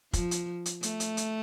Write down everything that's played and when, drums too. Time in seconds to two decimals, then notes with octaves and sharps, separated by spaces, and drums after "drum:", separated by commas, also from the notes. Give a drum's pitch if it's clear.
0.13 F3, drum: kick, hi-hat
0.31 drum: hi-hat
0.66 drum: hi-hat
0.83 A3, drum: hi-hat
1.00 drum: hi-hat
1.17 drum: hi-hat